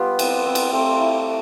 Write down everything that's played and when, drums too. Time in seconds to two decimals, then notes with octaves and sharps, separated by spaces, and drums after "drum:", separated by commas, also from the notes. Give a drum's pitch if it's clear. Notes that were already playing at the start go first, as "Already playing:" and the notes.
Already playing: G3 B3 F4
0.19 C4, drum: cymbal
0.46 C4
0.55 drum: cymbal
0.73 A3 C4
1.01 E4